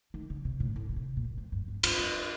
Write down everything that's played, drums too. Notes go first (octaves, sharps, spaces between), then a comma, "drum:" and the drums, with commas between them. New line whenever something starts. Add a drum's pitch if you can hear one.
D#3
D3
C3
A2
A2
D3
C3
A#2
F2
G2
F2
G2, drum: cymbal
F2